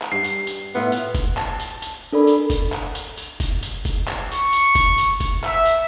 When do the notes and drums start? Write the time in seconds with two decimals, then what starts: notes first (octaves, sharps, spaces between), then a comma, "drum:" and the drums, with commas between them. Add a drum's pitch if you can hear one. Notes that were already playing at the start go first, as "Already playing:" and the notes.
0.02 drum: clap
0.12 G2 C7
0.24 drum: tambourine
0.47 drum: tambourine
0.75 A2 B3 E4 F4
0.92 drum: tambourine
1.15 drum: kick F1, tambourine
1.37 A5, drum: clap
1.60 drum: tambourine
1.82 drum: tambourine
2.13 D4 A4 A#4 D5 B5
2.27 drum: tambourine
2.50 drum: kick F1, tambourine
2.72 drum: clap
2.95 drum: tambourine
3.17 drum: tambourine
3.40 drum: kick F1, tambourine
3.63 drum: tambourine
3.85 drum: kick F1, tambourine
4.08 drum: clap
4.32 C#6, drum: tambourine
4.53 drum: tambourine
4.75 drum: kick F1, tambourine
4.98 drum: tambourine
5.20 drum: kick F1, tambourine
5.44 E5, drum: clap
5.65 drum: tambourine